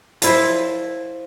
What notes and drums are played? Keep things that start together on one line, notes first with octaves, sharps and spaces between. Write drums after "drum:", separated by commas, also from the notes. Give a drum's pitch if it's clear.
F3 E4 C5, drum: hi-hat